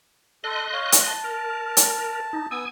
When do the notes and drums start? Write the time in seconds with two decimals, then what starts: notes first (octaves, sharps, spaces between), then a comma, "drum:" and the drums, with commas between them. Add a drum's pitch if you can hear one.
0.44 A4 D#5 C6 F#6
0.73 C#5 F5
0.92 drum: hi-hat
1.07 A5
1.24 A#4
1.77 drum: hi-hat
2.33 D#4
2.51 B3 G#5 D#6 E6